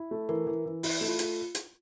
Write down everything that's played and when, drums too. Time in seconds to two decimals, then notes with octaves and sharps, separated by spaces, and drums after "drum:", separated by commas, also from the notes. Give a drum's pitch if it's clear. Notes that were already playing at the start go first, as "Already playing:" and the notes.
Already playing: E4
0.11 A3
0.29 E3 A#4
0.47 E3
0.66 E3
0.83 E4, drum: open hi-hat
1.01 A3
1.08 F4
1.19 drum: hi-hat
1.55 drum: hi-hat